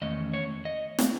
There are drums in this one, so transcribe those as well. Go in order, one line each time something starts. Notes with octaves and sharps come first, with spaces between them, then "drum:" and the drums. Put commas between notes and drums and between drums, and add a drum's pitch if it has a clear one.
E2 D#3 A3 C#4 D#5
C#5
D#5
drum: snare